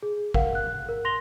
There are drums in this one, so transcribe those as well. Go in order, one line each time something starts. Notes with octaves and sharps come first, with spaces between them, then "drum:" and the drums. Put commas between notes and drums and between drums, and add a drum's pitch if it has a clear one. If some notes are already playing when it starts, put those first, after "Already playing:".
G#4
A#4 F5 F#5, drum: kick
F#6
A#4
C6 A#6 F7 G7